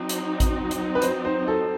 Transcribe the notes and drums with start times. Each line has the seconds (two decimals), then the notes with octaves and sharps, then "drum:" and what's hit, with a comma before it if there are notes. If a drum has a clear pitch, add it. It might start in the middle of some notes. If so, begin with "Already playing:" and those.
Already playing: F#3 C4 D#4
0.09 drum: hi-hat
0.40 drum: kick A1, hi-hat
0.71 drum: hi-hat
0.95 B4
1.02 C5, drum: hi-hat
1.25 C5
1.48 A4